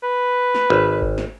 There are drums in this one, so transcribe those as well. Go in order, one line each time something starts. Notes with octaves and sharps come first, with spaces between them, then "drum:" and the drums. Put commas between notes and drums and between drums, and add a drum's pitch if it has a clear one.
B4
drum: snare
G#1
drum: kick G#1
drum: snare